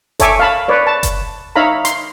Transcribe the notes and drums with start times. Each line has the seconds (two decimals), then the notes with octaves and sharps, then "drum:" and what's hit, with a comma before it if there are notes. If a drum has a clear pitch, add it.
0.20 A4 C#5 E5 G#5 D6, drum: kick F#1, hi-hat
0.40 F5 A5 B5
0.68 B4 C#5 D5
0.87 A5
1.03 drum: kick F#1, hi-hat
1.56 D#4 C#5 E5 F5 A#5 B5
1.85 C6, drum: hi-hat